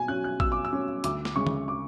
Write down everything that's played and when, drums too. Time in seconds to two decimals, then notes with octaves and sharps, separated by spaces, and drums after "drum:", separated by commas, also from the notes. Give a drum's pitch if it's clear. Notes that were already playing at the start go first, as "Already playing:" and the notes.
Already playing: B2 G#5
0.08 F#3 C#4 F#6
0.24 F#6
0.40 B2 E6, drum: kick
0.52 D6
0.65 E6
0.73 F#3 C#4
1.04 D2 D6, drum: hi-hat
1.25 drum: snare
1.36 C#3 G#3 C#6
1.47 drum: tom D3
1.68 D6